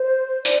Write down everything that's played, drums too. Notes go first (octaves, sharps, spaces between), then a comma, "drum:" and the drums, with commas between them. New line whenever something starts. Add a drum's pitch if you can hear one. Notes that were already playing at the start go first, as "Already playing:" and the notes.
Already playing: C5
D5, drum: hi-hat